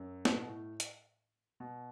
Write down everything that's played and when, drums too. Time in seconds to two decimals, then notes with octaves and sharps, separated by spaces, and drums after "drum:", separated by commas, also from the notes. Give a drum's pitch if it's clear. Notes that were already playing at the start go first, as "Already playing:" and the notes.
Already playing: F#2
0.25 A2, drum: snare
0.36 B2
0.47 A2
0.80 drum: hi-hat
1.60 B2